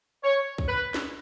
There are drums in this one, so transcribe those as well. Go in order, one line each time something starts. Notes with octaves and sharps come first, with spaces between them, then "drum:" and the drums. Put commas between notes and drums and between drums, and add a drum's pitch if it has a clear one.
C#5
drum: kick
B4
drum: snare